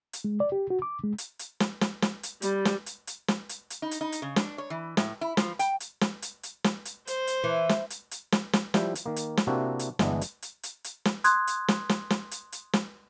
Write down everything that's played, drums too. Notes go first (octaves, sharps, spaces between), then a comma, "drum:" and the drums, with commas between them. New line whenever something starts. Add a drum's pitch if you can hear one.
drum: hi-hat
G#3
D5
G4
F#4
D6
G#3
drum: hi-hat
drum: hi-hat
drum: snare
drum: snare
drum: snare
drum: hi-hat
G3, drum: hi-hat
drum: snare
drum: hi-hat
drum: hi-hat
drum: snare
drum: hi-hat
drum: hi-hat
D#4
drum: hi-hat
D#4
drum: hi-hat
C#3
D4, drum: snare
C#5
E3
A2, drum: snare
E4
F3, drum: snare
G5, drum: hi-hat
drum: hi-hat
drum: snare
drum: hi-hat
drum: hi-hat
drum: snare
drum: hi-hat
C5, drum: hi-hat
drum: hi-hat
E3
drum: snare
drum: hi-hat
drum: hi-hat
drum: snare
drum: snare
F3 G3 E4 G5, drum: snare
drum: hi-hat
D#3 A#3
drum: hi-hat
drum: snare
C3 A#3 C4 D4 E4 F#4
drum: hi-hat
G1 E3 G#3 B3 D4, drum: snare
drum: hi-hat
drum: hi-hat
drum: hi-hat
drum: hi-hat
drum: snare
C6 D#6 F#6 G#6, drum: hi-hat
drum: hi-hat
drum: snare
drum: snare
drum: snare
drum: hi-hat
drum: hi-hat
drum: snare